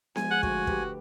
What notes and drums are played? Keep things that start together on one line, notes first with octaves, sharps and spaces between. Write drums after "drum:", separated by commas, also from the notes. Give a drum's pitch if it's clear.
F3 G#3 E4 G#5, drum: snare B3
G#4 F#5
D2 F#4, drum: kick
G4 B4, drum: kick